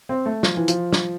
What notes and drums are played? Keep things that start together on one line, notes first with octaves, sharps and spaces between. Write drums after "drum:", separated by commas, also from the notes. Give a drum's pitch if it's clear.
C4
A3
F3, drum: snare
E3
F3, drum: hi-hat
drum: snare